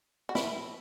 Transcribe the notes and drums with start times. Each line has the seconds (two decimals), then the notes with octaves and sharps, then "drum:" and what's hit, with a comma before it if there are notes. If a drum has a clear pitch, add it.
0.29 F#4
0.35 E4, drum: snare